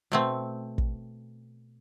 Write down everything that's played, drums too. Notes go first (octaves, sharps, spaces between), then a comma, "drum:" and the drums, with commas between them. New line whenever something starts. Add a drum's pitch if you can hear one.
B2 A3 C4
drum: kick